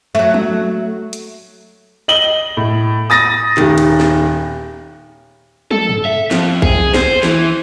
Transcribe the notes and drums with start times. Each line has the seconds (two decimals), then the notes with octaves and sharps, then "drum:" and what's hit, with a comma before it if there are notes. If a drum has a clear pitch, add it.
0.15 F#3 A3
0.34 drum: tom
1.13 drum: hi-hat
2.08 D#5 F#7 G7
2.57 A2
3.10 D#6 A6 A#6
3.57 D#1 D#3, drum: clap
3.78 drum: cymbal
4.00 drum: snare
5.71 A4, drum: tom
5.89 drum: tom G2
6.05 E5
6.31 F2, drum: snare
6.62 G#4, drum: kick A#1
6.94 C5, drum: snare
7.23 E3, drum: snare